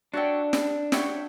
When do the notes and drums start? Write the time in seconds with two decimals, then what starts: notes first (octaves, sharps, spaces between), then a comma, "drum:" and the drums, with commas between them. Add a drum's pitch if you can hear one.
0.14 D4 F#4 C#5 E5 G5
0.53 drum: snare
0.92 F#4 C#5 E5 G5, drum: snare